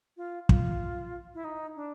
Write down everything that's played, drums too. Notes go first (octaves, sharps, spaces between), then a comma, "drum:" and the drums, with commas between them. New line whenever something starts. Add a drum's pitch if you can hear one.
F4
F4, drum: kick
E4
D#4
D4